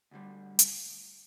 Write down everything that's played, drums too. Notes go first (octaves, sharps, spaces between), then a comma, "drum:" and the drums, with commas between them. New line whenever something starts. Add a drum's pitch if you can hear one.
D2 D3 G3
drum: hi-hat